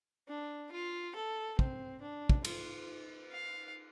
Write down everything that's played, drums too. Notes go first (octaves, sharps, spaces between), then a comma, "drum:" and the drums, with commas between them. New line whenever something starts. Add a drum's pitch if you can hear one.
D4
F4
A4
C4, drum: kick
D4
drum: kick
F4, drum: cymbal
F5